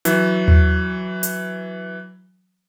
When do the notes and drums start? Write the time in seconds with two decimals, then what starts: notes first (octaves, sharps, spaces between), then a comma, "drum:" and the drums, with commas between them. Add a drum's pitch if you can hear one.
0.05 E3 F#3, drum: hi-hat
0.48 drum: tom D#2
1.23 drum: hi-hat